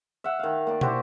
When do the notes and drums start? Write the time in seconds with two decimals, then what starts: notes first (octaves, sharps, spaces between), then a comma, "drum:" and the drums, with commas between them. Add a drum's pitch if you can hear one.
0.24 E5 F#5
0.39 D#3 F5
0.67 A#3 D5
0.81 E4 F#4 G4 C5, drum: tom